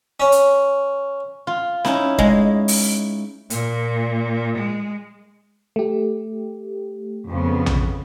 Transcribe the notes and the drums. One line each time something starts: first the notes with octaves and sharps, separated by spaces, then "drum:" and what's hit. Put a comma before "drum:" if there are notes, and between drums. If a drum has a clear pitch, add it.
C#4
drum: hi-hat
F4
C#4 D#4 E4, drum: snare
G#3, drum: kick
drum: open hi-hat
A#2, drum: hi-hat
G#3
A3 G4
F2 C#3 B3
drum: tom A#1